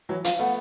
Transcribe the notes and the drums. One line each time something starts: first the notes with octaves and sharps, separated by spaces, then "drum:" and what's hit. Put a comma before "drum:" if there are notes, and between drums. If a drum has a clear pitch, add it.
E3 F#3
F3 F5, drum: hi-hat
A3 B3 F#5